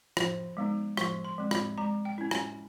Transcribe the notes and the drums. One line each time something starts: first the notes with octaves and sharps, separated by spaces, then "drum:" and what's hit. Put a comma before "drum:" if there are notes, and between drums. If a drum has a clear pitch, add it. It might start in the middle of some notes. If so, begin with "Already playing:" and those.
F3 C6, drum: rim click
G#3 B3 D#4
F3 C#6, drum: rim click
C6
G#3 C4
B5, drum: rim click
G#3 A#5
G5
C#4 E4
G#5, drum: rim click